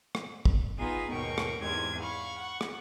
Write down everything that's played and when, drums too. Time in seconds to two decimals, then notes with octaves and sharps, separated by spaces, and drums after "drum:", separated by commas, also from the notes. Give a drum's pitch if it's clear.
0.15 drum: rim click
0.45 drum: kick
0.78 B3 D#4 F4 G#4 G#5 A#5
1.10 D#2 G#2 B2 A#4 G5 C#6
1.38 drum: rim click
1.60 E2 G#2 G#3 C4 G4 G#6
1.99 F5 B5 C#6
2.39 F#5 C#6
2.61 drum: rim click